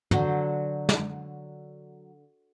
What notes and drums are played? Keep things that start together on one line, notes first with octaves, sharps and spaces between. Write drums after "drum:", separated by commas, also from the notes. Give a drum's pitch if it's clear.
D3 F#3 C5, drum: tom
drum: snare